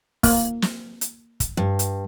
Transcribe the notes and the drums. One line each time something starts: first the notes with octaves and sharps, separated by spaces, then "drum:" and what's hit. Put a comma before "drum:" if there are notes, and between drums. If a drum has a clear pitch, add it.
A#3, drum: kick, open hi-hat
drum: snare
drum: hi-hat
drum: kick, hi-hat
G2
drum: hi-hat